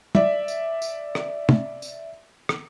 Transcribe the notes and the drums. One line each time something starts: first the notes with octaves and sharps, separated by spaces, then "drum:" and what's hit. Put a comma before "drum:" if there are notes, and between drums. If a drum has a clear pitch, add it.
D5 E5, drum: tom
drum: tambourine
drum: tambourine
drum: rim click
drum: tom
drum: tambourine
drum: rim click